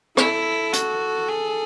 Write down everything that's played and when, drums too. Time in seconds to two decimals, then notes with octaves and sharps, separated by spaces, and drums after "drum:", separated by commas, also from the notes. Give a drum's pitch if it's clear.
0.17 E4 A4, drum: rim click
0.73 F#4, drum: hi-hat
1.29 G#4